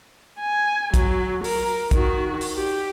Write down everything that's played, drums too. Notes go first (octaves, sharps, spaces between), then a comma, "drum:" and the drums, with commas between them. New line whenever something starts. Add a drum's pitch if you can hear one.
G#5
F#3, drum: kick, hi-hat
A#4, drum: open hi-hat
D#3 F#4, drum: kick, hi-hat
drum: open hi-hat
G4